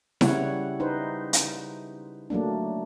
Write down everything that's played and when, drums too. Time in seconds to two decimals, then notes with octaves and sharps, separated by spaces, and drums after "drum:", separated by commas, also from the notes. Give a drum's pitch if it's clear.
0.21 C#3 G3 E4 C#5 F#5, drum: snare E4
0.80 D#4 B4 C5
1.33 drum: hi-hat
2.30 F#3 A3 A#3 D4